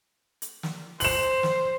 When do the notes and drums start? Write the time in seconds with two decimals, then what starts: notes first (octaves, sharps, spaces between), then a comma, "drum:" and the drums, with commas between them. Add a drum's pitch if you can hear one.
0.42 drum: hi-hat
0.63 drum: snare
1.00 C5 E7 F#7, drum: open hi-hat
1.43 drum: snare